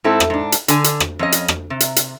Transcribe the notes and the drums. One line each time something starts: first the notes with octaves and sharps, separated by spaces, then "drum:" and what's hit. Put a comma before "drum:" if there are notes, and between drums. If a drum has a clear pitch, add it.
G#2 C4 E4 A4
drum: rim click
G#2 D4
drum: hi-hat
D3 G#5, drum: hi-hat
drum: hi-hat
drum: rim click
F2 C#4 D#5
drum: hi-hat
drum: rim click
C3
drum: hi-hat
drum: hi-hat